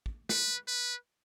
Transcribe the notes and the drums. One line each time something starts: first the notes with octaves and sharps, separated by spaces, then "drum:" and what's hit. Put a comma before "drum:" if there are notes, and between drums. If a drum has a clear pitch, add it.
drum: kick
B4, drum: snare
B4